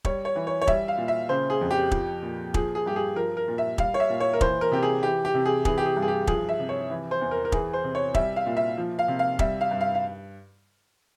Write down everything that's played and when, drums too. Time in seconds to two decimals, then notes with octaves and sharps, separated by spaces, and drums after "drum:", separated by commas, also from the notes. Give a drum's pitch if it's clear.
0.05 G3 C#5, drum: kick
0.25 C#5
0.35 E3
0.47 C#5
0.62 C#5
0.67 G3 E5, drum: kick
0.88 F5
0.98 A#2
1.08 E5
1.29 C#3 C5
1.50 G#4
1.61 F2
1.71 G4
1.91 F3, drum: kick
2.22 A#2
2.54 F3 G#4, drum: kick
2.75 G#4
2.86 G2 G4
2.96 G#4
3.16 F3 A#4
3.37 A#4
3.48 A#2
3.58 E5
3.78 G3 F5, drum: kick
3.94 C#5
4.00 E5
4.10 A#2
4.20 C#5
4.33 A#4
4.41 E3 C5, drum: kick
4.61 A#4
4.72 C3 G4
4.83 G#4
5.03 E3 G4
5.25 G4
5.34 C3
5.46 G#4
5.65 E3 G#4, drum: kick
5.78 G4
5.86 G#4
5.96 G2
6.02 G#4
6.08 G4
6.27 F3 G#4, drum: kick
6.49 E5
6.60 C3
6.69 C#5
6.90 E3
7.11 C5
7.21 E2
7.31 A#4
7.45 A#4
7.52 E3 G#4, drum: kick
7.73 C5
7.84 C3
7.95 C#5
8.14 G3 E5, drum: kick
8.36 F5
8.46 A#2
8.57 E5
8.77 F3
8.99 F5
9.08 C3
9.19 F5
9.39 G3 E5, drum: kick
9.61 F5
9.71 G2
9.81 F5
9.95 F5